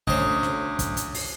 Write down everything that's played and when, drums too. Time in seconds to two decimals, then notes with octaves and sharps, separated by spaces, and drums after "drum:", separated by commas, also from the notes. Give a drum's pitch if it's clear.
0.07 D2 C#4 C5 D#5, drum: kick
0.43 drum: snare
0.79 drum: kick, hi-hat
0.97 drum: hi-hat
1.15 drum: open hi-hat